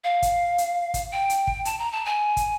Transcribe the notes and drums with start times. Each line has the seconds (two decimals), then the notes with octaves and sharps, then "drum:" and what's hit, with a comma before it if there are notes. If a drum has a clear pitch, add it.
0.04 F5
0.22 drum: kick, hi-hat
0.58 drum: hi-hat
0.94 drum: kick, hi-hat
1.12 G5
1.30 drum: hi-hat
1.47 drum: kick
1.65 A5, drum: hi-hat
1.79 A#5
1.92 A5
2.05 G#5
2.37 drum: kick, hi-hat